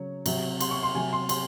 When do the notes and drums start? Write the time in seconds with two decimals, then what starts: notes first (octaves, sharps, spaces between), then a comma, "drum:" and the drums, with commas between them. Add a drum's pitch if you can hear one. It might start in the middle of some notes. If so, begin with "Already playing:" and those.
Already playing: C#3 F#3 C#5
0.26 C3 F#3, drum: cymbal
0.60 C6, drum: cymbal
0.71 C#6
0.83 C6
0.95 C3 F#3 G#5
1.13 C6
1.29 C6, drum: cymbal